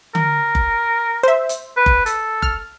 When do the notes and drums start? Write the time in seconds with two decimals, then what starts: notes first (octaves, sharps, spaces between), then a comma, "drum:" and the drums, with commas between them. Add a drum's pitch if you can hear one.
0.15 A#4, drum: tom D3
0.55 drum: kick F#1
1.23 C5 E5
1.49 drum: hi-hat
1.77 B4
1.86 drum: kick F#1
2.06 A4, drum: hi-hat
2.42 F6, drum: kick F#1